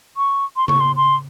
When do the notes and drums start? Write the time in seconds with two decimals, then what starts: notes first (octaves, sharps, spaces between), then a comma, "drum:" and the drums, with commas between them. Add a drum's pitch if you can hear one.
0.17 C#6
0.57 C6
0.68 C#6, drum: tom C#3
0.80 C6
0.96 C6